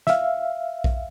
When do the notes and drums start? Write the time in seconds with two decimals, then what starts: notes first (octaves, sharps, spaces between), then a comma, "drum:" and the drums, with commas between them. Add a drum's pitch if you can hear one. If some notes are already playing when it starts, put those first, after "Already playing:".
0.07 E5 F5, drum: snare
0.84 drum: kick A#1